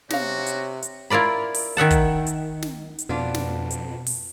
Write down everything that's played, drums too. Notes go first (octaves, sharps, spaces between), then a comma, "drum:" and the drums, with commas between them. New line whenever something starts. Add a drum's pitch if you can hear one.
C3 F#4 G#4 C#5 F5, drum: snare
drum: hi-hat
drum: hi-hat
E4 F4 A#4 D5 B5
drum: open hi-hat
D#3 E5 F#5 A5
drum: kick, hi-hat
drum: hi-hat
drum: snare
drum: hi-hat
F2 B2 B3 D4 F4
drum: snare
drum: hi-hat
drum: open hi-hat